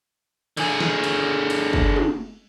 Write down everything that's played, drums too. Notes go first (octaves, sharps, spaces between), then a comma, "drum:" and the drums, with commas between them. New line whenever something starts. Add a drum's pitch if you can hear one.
D3 G#4, drum: cymbal
drum: snare
drum: cymbal
drum: cymbal
drum: kick
drum: tom